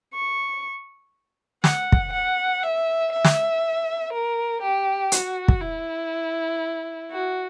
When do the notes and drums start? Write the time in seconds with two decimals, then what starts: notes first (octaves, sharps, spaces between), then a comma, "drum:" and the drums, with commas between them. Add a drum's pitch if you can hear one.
0.14 C#6
1.64 F#5, drum: snare
1.92 drum: kick
2.13 F#5
2.63 E5
3.12 E5
3.25 drum: snare
4.13 A#4
4.62 G4
5.12 F#4, drum: hi-hat
5.48 drum: kick
5.61 E4
7.12 F#4